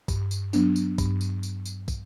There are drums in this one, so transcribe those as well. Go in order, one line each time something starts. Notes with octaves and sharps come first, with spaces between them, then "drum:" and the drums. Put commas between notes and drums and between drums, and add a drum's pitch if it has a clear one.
G2, drum: kick, tambourine
drum: tambourine
F#3 B3 D4, drum: tambourine
drum: tambourine
G2, drum: kick, tambourine
drum: tambourine
drum: tambourine
drum: tambourine
drum: kick, tambourine